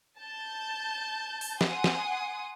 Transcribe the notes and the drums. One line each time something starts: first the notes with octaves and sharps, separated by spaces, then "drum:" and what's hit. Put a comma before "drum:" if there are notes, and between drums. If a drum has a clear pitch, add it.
A5 G6
drum: open hi-hat
F#5 G#5 C6 D#6, drum: snare
drum: snare